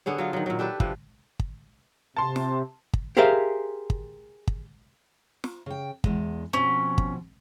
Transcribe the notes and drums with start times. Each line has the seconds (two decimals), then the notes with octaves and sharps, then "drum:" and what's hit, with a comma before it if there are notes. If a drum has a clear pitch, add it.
0.06 D3 B3 G#4 C#5
0.18 F#3 F4 F5
0.33 D#3 F#3
0.46 A#2 F#3
0.59 D4 G4 A4 B4
0.80 C3 F3 B4, drum: kick
1.39 drum: kick
2.16 C3 A5 C6
2.36 drum: snare
2.93 drum: kick
3.17 G4 G#4 A#4 C5 E5 F5
3.90 drum: kick
4.47 drum: kick
5.44 drum: snare
5.66 C#3 G5
6.04 E2 B2 G#3, drum: kick
6.53 B2 F3 C4 C#4
6.98 drum: kick